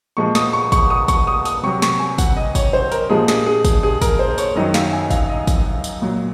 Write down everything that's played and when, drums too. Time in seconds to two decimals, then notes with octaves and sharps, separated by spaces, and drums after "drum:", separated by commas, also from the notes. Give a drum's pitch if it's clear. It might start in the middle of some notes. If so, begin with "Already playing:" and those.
0.17 A#2 F3 G#3 C#6
0.35 D#6, drum: snare
0.53 C#6
0.72 C#6, drum: kick, tambourine
0.90 D#6
1.08 C#6, drum: kick, tambourine
1.27 D#6
1.45 D#6, drum: tambourine
1.63 C3 F#3 C#6
1.82 C#6, drum: snare
1.99 G#5
2.18 F#5, drum: kick, tambourine
2.36 D#5
2.55 C#5, drum: kick, tambourine
2.73 C5
2.92 A#4, drum: tambourine
3.10 A#2 F3 G#3 G#4
3.28 G#4, drum: snare
3.46 G#4
3.65 drum: kick, tambourine
3.83 G#4
4.01 A#4, drum: kick, tambourine
4.19 C5
4.38 C#5, drum: tambourine
4.55 F#2 D#3 F#3 D#5
4.74 F5, drum: snare
4.93 G#5
5.10 F5, drum: kick, tambourine
5.29 D#5
5.47 drum: kick, tambourine
5.84 drum: tambourine
6.02 A#2 F#3